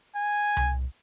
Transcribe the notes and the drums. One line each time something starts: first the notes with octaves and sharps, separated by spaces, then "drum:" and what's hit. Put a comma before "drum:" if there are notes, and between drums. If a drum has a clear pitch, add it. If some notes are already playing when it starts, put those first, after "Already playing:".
G#5
drum: tom C2